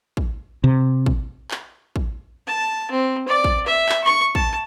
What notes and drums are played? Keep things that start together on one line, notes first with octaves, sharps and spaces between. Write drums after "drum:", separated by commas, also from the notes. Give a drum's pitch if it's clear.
drum: kick
C3
drum: kick
drum: clap
drum: kick
A5
C4
D5
drum: kick
E5
drum: clap
C#6
A5, drum: kick